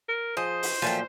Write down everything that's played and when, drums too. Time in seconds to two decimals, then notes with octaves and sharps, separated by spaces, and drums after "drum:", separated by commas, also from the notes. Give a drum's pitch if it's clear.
0.09 A#4
0.37 F3 G#4 C5 D#5
0.63 drum: open hi-hat
0.82 A#2 F3 F#3 A3 G5 G#5